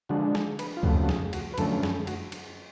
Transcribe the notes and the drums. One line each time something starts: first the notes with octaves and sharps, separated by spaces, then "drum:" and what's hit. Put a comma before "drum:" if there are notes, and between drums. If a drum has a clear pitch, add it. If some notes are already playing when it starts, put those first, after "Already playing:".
D3 F3 G#3 D4 F#4
G#4, drum: snare
B4, drum: cymbal
F4
F2 C#3 F3 A3 F#4, drum: kick C#2
F#4
G#4, drum: snare
F#4, drum: cymbal
B4
F#2 D3 F3 A3 C#4 A4, drum: cymbal
G#4, drum: snare
F#4, drum: cymbal
drum: cymbal